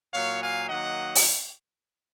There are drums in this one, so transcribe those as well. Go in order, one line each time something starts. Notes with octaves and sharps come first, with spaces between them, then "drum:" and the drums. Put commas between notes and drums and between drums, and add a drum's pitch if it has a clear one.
A#2 F#3 A#3 C#5 F5
F5 G#5
D#3 F#3 A#3 D#5 F#5
drum: open hi-hat